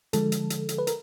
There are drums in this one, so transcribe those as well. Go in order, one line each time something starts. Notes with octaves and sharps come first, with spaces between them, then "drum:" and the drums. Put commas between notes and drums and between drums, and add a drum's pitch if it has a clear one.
D3 F3 G#3 A4, drum: hi-hat
drum: hi-hat
drum: hi-hat
drum: hi-hat
B4
A#4, drum: hi-hat